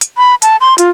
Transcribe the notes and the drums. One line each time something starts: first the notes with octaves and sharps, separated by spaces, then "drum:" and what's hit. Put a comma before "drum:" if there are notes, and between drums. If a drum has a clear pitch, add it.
drum: hi-hat
B5
A5, drum: hi-hat
C6
F4, drum: hi-hat